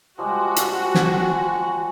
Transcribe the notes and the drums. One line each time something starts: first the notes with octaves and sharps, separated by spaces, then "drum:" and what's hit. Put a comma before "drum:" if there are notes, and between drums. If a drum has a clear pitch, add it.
F3 G3 G#3 F#4
drum: hi-hat
drum: snare